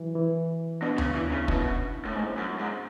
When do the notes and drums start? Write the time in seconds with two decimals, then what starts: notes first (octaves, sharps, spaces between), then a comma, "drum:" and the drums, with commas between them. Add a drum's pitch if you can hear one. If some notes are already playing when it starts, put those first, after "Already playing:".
Already playing: E3 F#3
0.15 E3
0.81 B2 B3 D4
0.98 C#3, drum: tom D2
1.15 E3
1.32 C#3
1.48 B2 C#4 E4, drum: kick
2.05 A2
2.15 G#2
2.37 F#2
2.59 G#2